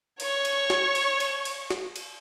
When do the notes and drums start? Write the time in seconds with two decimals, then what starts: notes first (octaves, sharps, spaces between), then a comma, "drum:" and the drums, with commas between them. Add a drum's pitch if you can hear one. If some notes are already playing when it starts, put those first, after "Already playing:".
0.20 C#5 C#6, drum: cymbal
0.45 drum: cymbal
0.70 drum: snare
0.95 drum: cymbal
1.20 drum: cymbal
1.45 drum: cymbal
1.70 drum: snare
1.96 drum: cymbal